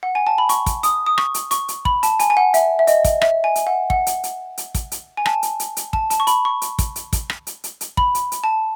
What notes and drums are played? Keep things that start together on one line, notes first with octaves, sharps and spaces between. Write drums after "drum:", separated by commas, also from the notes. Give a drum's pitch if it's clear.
F#5
G#5
A5
B5
C#6, drum: hi-hat
drum: kick, hi-hat
D#6, drum: hi-hat
D#6
C#6, drum: rim click
drum: hi-hat
C#6, drum: hi-hat
drum: hi-hat
B5, drum: kick
A5, drum: hi-hat
G#5, drum: hi-hat
G#5
F#5
E5, drum: hi-hat
E5
D#5, drum: hi-hat
drum: kick, hi-hat
E5, drum: rim click
G#5
drum: hi-hat
F#5
F#5, drum: kick
drum: hi-hat
drum: hi-hat
drum: hi-hat
drum: kick, hi-hat
drum: hi-hat
G#5
A5, drum: rim click
drum: hi-hat
drum: hi-hat
drum: hi-hat
A5, drum: kick
A5, drum: hi-hat
C#6
B5, drum: hi-hat
C#6
drum: hi-hat
drum: kick, hi-hat
drum: hi-hat
drum: kick, hi-hat
drum: rim click
drum: hi-hat
drum: hi-hat
drum: hi-hat
B5, drum: kick
drum: hi-hat
drum: hi-hat
A5